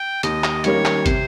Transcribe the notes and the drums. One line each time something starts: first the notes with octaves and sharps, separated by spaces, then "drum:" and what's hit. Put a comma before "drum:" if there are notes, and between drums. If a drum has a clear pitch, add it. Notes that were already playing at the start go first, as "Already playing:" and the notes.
Already playing: G5
D#2 D#5, drum: hi-hat
drum: clap
D#3 G3 A#3 C#4 C#5, drum: hi-hat
drum: clap
C3 C5, drum: kick, hi-hat